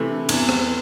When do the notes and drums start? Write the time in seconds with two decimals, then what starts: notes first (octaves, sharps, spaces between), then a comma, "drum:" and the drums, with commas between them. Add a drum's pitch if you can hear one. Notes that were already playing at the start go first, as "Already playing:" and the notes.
Already playing: C3 E3 A3
0.10 D4
0.29 E2 C4, drum: cymbal
0.49 drum: rim click